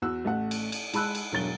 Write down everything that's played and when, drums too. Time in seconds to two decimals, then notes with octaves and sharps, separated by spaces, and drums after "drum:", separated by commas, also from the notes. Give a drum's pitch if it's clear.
0.02 E2 F#4 E6
0.25 A1 A3 F#5
0.51 drum: cymbal
0.72 drum: cymbal
0.94 G#3 A5 B5 E6 F#6, drum: cymbal
1.15 drum: cymbal
1.32 E1 G2 F#3 A6 G7